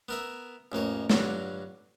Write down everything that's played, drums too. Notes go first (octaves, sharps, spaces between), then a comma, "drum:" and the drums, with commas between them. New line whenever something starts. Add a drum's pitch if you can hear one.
B3 A#4 E5
A1 F2 A#3 C#5
G2 D3 F#3 F4 F#4, drum: snare